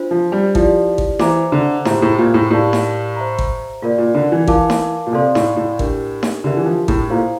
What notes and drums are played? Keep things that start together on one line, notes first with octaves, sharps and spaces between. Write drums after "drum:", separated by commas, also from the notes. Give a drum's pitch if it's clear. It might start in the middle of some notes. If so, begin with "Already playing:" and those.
Already playing: D4 F4 C5
F3
G3
F3 E4 G4 D5, drum: kick G#1
drum: kick G#1
E3 C5 E5 A#5 D6, drum: snare D#4
D3
A2 G4 C5 E5 A#5, drum: snare D#4
A2
A#2
A2
A2 G4 A#4 D5 F5 A5
drum: snare D#4
C5 E5 A#5
drum: kick G#1
A#2 F4 A#4 D5
A#2
D3
E3
E3 A#4 F5 A5 D6, drum: kick G#1
drum: snare D#4
A#2
C3 A4 D5 F5 C6
A2, drum: snare D#4
A2
D4 G4 A#4, drum: kick G#1
drum: snare D#4
D3 D4 G4 A#4 E5
E3
F3
A2, drum: kick G#1
A#2 E4 A4 C5 F5 A#5